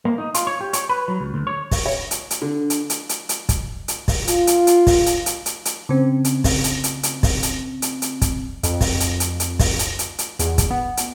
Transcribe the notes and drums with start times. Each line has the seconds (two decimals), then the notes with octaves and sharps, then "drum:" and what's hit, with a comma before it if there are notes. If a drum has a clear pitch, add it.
0.05 A#3
0.18 D#4
0.34 F4, drum: hi-hat
0.47 C#5
0.61 G4
0.73 C#5, drum: hi-hat
0.89 B4
1.08 F#3
1.20 C#2
1.34 D2
1.47 C#5
1.71 drum: kick, open hi-hat
1.86 C#5
2.11 drum: hi-hat
2.31 drum: hi-hat
2.42 D3
2.70 drum: hi-hat
2.90 drum: hi-hat
3.09 drum: hi-hat
3.29 drum: hi-hat
3.49 drum: kick, hi-hat
3.88 drum: hi-hat
4.08 drum: kick, open hi-hat
4.28 F4, drum: hi-hat
4.47 drum: hi-hat
4.67 drum: hi-hat
4.87 drum: kick, open hi-hat
5.06 drum: hi-hat
5.26 drum: hi-hat
5.46 drum: hi-hat
5.65 drum: hi-hat
5.89 C#3 C4
6.25 drum: hi-hat
6.44 drum: kick, open hi-hat
6.64 drum: hi-hat
6.84 drum: hi-hat
7.03 drum: hi-hat
7.23 drum: kick, open hi-hat
7.43 drum: hi-hat
7.82 drum: hi-hat
8.02 drum: hi-hat
8.22 drum: kick, hi-hat
8.63 F2, drum: hi-hat
8.81 drum: kick, open hi-hat
9.00 drum: hi-hat
9.20 drum: hi-hat
9.40 drum: hi-hat
9.59 drum: kick, open hi-hat
9.79 drum: hi-hat
9.99 drum: hi-hat
10.19 drum: hi-hat
10.39 E2, drum: hi-hat
10.58 drum: kick, hi-hat
10.71 B3
10.97 drum: hi-hat